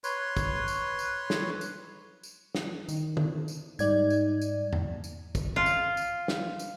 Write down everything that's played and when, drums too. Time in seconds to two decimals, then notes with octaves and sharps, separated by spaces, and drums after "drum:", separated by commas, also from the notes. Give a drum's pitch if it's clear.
0.04 B4 C#5 C6, drum: tambourine
0.37 drum: kick, tambourine
0.68 drum: tambourine
0.99 drum: tambourine
1.30 drum: snare
1.61 drum: tambourine
2.23 drum: tambourine
2.55 drum: snare
2.89 D#3, drum: tambourine
3.17 drum: tom
3.48 drum: tambourine
3.79 G#2 G3 D#4 D5 G#6, drum: tambourine
4.10 drum: tambourine
4.41 drum: tambourine
4.73 drum: tom E2
5.04 drum: tambourine
5.35 drum: kick, tambourine
5.56 F4
5.66 drum: tambourine
5.97 drum: tambourine
6.28 drum: snare
6.59 drum: tambourine